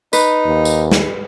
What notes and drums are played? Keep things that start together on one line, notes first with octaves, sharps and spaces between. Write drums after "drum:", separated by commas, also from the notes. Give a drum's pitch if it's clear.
D#4 B4, drum: tambourine
D#2
drum: tambourine
drum: snare